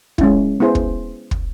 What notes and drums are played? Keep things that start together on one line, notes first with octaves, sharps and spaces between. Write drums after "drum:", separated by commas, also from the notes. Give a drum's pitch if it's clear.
G#3 C#4 E4, drum: kick
B3 E4 G#4 C5
drum: kick
drum: kick